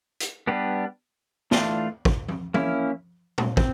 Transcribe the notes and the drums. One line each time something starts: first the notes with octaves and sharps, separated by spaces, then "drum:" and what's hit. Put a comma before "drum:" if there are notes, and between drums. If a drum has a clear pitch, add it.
drum: hi-hat
G3 B3 D4 G4 B4
E3 A3 D4 F4, drum: snare
drum: kick
drum: tom F3
A#3 C#4 E4, drum: tom F3
drum: tom A#2
C4, drum: kick